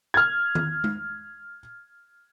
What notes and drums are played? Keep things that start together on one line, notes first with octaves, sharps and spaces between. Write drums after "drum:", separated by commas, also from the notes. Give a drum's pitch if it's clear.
F6 G#6
drum: tom D#3
drum: tom G#3